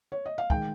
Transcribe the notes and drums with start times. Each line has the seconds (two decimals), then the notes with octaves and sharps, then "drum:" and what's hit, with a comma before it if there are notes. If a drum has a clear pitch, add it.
0.12 C#5
0.26 D#5
0.38 F5
0.50 D#3 G#3 G5, drum: kick